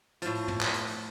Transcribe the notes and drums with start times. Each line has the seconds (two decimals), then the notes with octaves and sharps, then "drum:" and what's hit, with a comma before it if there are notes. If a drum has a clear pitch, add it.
0.22 A2 F3, drum: hi-hat
0.35 drum: open hi-hat
0.48 drum: tom
0.61 drum: clap
0.74 drum: hi-hat
0.87 drum: open hi-hat